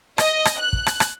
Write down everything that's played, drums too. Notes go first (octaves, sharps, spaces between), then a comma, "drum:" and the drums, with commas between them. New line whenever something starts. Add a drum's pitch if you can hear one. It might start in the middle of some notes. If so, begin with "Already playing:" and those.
D#5, drum: rim click
drum: rim click
F#6
drum: kick
drum: rim click
drum: rim click